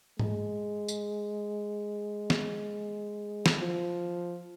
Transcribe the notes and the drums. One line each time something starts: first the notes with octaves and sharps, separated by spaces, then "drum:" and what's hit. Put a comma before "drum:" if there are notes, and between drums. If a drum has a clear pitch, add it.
G#3, drum: tom G#2
drum: tambourine
drum: snare
drum: snare
F3